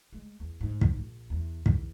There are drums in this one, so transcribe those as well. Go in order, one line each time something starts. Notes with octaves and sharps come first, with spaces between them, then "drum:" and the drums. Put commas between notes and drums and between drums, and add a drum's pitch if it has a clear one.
G#3
E2
G#2
drum: kick
A#1
E2
E2, drum: kick